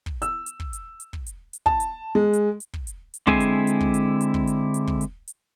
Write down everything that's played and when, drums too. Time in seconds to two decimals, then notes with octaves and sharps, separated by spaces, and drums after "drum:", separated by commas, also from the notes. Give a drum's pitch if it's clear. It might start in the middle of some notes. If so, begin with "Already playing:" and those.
0.06 drum: kick
0.22 E6, drum: hi-hat
0.46 drum: hi-hat
0.60 drum: kick
0.73 drum: hi-hat
1.00 drum: hi-hat
1.13 drum: kick
1.26 drum: hi-hat
1.53 drum: hi-hat
1.66 A5, drum: kick
1.80 drum: hi-hat
2.15 G#3
2.33 drum: hi-hat
2.60 drum: hi-hat
2.73 drum: kick
2.87 drum: hi-hat
3.14 drum: hi-hat
3.27 D3 G#3 C4 E4 G#4 G#5, drum: kick
3.40 drum: hi-hat
3.67 drum: hi-hat
3.80 drum: kick
3.94 drum: hi-hat
4.21 drum: hi-hat
4.34 drum: kick
4.47 drum: hi-hat
4.74 drum: hi-hat
4.87 drum: kick
5.01 drum: hi-hat
5.28 drum: hi-hat